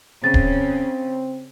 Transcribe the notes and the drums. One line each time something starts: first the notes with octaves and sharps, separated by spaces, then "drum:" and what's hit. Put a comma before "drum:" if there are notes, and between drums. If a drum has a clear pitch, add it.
C#3 C4 A6
drum: kick D1